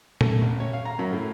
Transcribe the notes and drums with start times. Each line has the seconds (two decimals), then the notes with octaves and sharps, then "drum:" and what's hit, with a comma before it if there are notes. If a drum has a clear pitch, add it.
0.21 A3, drum: tom A#2
0.42 A1
0.60 C#5
0.73 F5
0.85 A#5
0.99 F#2
1.13 A2